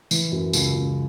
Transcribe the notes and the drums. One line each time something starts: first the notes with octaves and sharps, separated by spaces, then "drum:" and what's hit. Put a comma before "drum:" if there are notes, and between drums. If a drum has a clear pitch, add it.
E3, drum: tambourine
F#2
C#2, drum: tambourine
C#2